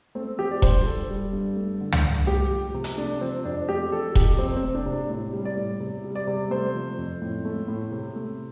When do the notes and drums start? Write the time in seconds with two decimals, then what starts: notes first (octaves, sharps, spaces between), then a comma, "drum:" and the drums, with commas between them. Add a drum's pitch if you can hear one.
0.15 A3 C4
0.38 F3 G4
0.51 D5
0.62 G2 C5, drum: kick E1
0.86 G2 A4
1.10 G3
1.33 G2
1.56 A3
1.81 D3
1.92 drum: tom
2.03 G2
2.27 A3 G4
2.51 F3
2.74 C3
2.84 drum: hi-hat
2.97 A3 D4
3.21 F3 C4
3.45 F2 D4
3.69 A3 G4
3.92 F3 A4
4.15 F2 G4, drum: kick E1
4.38 C3 C4
4.57 C4
4.63 A3
4.75 D4
4.86 C3
4.92 D4
5.10 A2
5.33 G3
5.45 D5
5.57 A2
5.80 C3
6.04 G3
6.15 D5
6.27 C3
6.50 A3 C5
6.74 F3
6.98 F2
7.22 A2
7.45 A3
7.68 A2
7.92 C3
8.16 A3